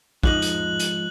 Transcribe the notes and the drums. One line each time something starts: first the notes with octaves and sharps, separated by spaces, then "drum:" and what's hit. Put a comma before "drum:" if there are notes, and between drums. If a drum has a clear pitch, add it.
G#2 F3 D#4 F#6 F#7, drum: kick
drum: hi-hat
drum: hi-hat